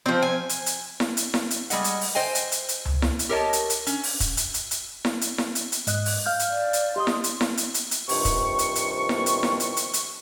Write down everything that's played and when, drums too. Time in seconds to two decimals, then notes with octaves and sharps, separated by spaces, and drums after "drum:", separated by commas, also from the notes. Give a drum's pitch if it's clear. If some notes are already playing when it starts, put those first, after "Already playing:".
0.06 F3 C4
0.22 G#5
0.49 drum: hi-hat
0.66 drum: hi-hat
1.00 drum: snare E4
1.17 drum: hi-hat
1.34 drum: snare E4
1.51 drum: hi-hat
1.70 G3 G#3 D#5 F#5, drum: hi-hat
1.84 drum: hi-hat
2.01 drum: open hi-hat
2.15 C5 D#5 G5 G#5
2.35 drum: hi-hat
2.52 drum: hi-hat
2.69 drum: hi-hat
2.85 drum: tom C#2
3.02 drum: snare E4
3.19 drum: hi-hat
3.29 G4 A#4 C#5 D#5 A5
3.53 drum: hi-hat
3.70 drum: hi-hat
3.87 C#4, drum: hi-hat
4.03 drum: open hi-hat
4.20 drum: kick, hi-hat
4.37 drum: hi-hat
4.54 drum: hi-hat
4.71 drum: hi-hat
5.05 drum: snare E4
5.21 drum: hi-hat
5.38 drum: snare E4
5.55 drum: hi-hat
5.72 drum: hi-hat
5.87 G#2 D#5 F#6, drum: hi-hat
6.06 drum: open hi-hat
6.26 F5 F6 G6
6.39 drum: hi-hat
6.50 D5
6.73 drum: hi-hat
6.96 G4 D#5 C6 D#6
7.07 drum: snare E4
7.24 drum: hi-hat
7.41 drum: snare E4
7.57 drum: hi-hat
7.74 drum: hi-hat
7.91 drum: hi-hat
8.09 G2 C3 D#3 F3 C#6, drum: open hi-hat
8.25 drum: kick, hi-hat
8.59 drum: hi-hat
8.75 drum: hi-hat
9.09 drum: snare E4
9.26 drum: hi-hat
9.43 drum: snare E4
9.60 drum: hi-hat
9.77 drum: hi-hat
9.93 drum: hi-hat